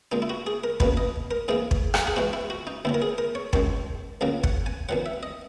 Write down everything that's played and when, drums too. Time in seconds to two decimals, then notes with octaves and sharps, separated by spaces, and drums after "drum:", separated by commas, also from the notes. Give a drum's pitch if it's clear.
0.12 A#2 G#3 D#4
0.22 E4
0.30 F#4
0.47 G#4
0.64 A#4
0.80 C#2 B2 A#3 B4, drum: kick
0.97 D#5
1.31 A#4
1.48 G#2 E3 A#3 G#4
1.71 drum: kick
1.94 drum: rim click
2.07 G#4
2.16 G#2 E3 G#3 F#4
2.33 E4
2.50 F#4
2.67 D#4
2.85 D#2 D#3 F#3 E4
2.94 A#4
3.02 G#4
3.18 A#4
3.35 C#5
3.53 F#2 D#3 G#3 C#5, drum: kick
4.21 C#2 C#3 F#3 A#3
4.44 F#5, drum: kick
4.66 G#5
4.89 E2 D#3 F#3 F#5
5.06 E5
5.23 D#5